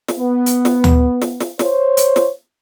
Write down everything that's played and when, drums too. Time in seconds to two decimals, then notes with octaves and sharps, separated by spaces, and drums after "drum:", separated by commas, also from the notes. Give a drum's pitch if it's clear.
0.08 drum: snare
0.18 B3
0.46 drum: hi-hat
0.65 drum: snare
0.84 drum: tom D2
1.22 drum: snare
1.40 drum: snare
1.59 C5 C#5, drum: snare
1.97 drum: hi-hat
2.16 drum: snare